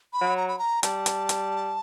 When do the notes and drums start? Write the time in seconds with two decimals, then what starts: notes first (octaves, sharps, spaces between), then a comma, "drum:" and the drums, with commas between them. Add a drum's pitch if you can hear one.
0.13 B5
0.21 F#3
0.37 A#5
0.48 B5
0.59 A#5
0.83 G3 A5, drum: hi-hat
1.06 drum: hi-hat
1.29 drum: hi-hat